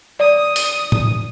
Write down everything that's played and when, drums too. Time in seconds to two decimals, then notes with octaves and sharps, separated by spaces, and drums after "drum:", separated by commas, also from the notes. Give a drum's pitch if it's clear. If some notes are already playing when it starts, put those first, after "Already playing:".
0.20 D5 D#6
0.56 drum: open hi-hat
0.92 drum: tom A2